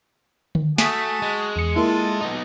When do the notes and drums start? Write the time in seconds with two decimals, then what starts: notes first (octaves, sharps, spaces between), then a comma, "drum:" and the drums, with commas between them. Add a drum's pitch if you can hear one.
0.55 drum: tom D3
0.78 A3 F#4 G#5 A5 D#6 B6, drum: snare
1.22 G#3
1.56 E2 C#7
1.76 A#3 E4 F4 A4
2.21 B3 D#4